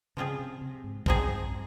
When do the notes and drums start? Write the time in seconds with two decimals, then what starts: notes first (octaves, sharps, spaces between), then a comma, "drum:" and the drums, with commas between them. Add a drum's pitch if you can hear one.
0.17 C#3 F3 C4 F4 G#4
0.39 C3
0.61 C3
0.84 G#2
1.06 G2 F3 C4 D#4 G#4, drum: kick A#1